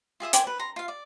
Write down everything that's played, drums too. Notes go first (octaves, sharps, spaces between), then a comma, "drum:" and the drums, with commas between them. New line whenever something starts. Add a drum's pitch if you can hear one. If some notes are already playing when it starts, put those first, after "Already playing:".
F4 G#4 E5 D#6
G5 G#5 C6 D6, drum: hi-hat
B4
A#5 C6
F4 F5
D5